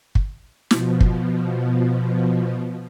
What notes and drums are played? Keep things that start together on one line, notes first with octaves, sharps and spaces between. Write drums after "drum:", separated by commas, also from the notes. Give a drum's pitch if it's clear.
drum: kick
B2 F3, drum: snare
drum: kick